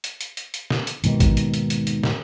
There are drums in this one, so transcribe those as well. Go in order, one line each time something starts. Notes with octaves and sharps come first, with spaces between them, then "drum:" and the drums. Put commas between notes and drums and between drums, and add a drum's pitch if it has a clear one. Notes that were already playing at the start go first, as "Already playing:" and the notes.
drum: hi-hat
drum: hi-hat
drum: hi-hat
drum: hi-hat
drum: snare
drum: hi-hat
D#2 G#2 B2 D#3, drum: hi-hat
drum: kick, hi-hat
drum: hi-hat
drum: hi-hat
drum: hi-hat
drum: hi-hat
drum: snare